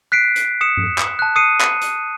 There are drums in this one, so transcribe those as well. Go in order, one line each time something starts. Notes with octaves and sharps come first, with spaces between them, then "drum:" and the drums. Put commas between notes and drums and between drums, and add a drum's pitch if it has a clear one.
F#6 B6 C7 D7
drum: hi-hat
D#6 C#7 E7
drum: tom G2
drum: clap
A5 F#6
D#6 C7 C#7 D#7
drum: clap
drum: hi-hat